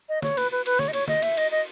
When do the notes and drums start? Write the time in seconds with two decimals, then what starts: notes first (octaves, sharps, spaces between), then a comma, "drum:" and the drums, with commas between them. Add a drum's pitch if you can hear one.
0.09 D#5
0.22 C#5, drum: snare
0.37 B4, drum: cymbal
0.52 B4
0.66 B4, drum: cymbal
0.79 C#5, drum: snare
0.88 D#5
0.93 C#5, drum: cymbal
1.08 D#5, drum: snare
1.22 E5, drum: cymbal
1.37 D#5, drum: cymbal
1.51 D#5